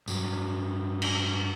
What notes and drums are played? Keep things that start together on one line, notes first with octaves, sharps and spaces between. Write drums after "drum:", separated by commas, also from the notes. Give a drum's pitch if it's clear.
G2 F#3, drum: tambourine
drum: cymbal